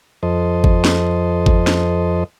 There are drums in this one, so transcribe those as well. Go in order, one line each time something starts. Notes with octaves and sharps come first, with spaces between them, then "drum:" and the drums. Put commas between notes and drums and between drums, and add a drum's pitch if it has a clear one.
F2 A4 C5 D#5
drum: kick G1
drum: snare
drum: kick G1
drum: snare